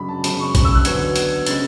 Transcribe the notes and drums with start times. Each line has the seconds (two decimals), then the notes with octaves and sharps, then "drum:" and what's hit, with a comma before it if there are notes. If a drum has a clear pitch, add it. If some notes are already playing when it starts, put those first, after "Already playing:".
Already playing: F#2 C#3 G#3 D4 B5
0.08 A5
0.24 F#2 C#3 G#3 B5, drum: hi-hat
0.40 C#6
0.55 C#6, drum: kick A#1, hi-hat
0.65 E6
0.75 F#6
0.85 E2 D3 F#3 B3 G#6, drum: hi-hat
1.16 G#6, drum: hi-hat
1.47 C#3 G#3 A6, drum: hi-hat